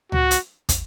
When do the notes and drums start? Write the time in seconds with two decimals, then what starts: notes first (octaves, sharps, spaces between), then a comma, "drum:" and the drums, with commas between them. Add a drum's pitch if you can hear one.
0.12 F#4, drum: tom C#2
0.31 drum: hi-hat
0.69 drum: kick, hi-hat